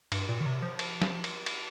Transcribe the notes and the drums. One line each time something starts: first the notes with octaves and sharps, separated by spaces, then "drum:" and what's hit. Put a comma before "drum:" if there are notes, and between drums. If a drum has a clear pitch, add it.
G2, drum: cymbal
A#2
D#3
C3
F3
drum: cymbal
drum: snare
drum: cymbal
drum: cymbal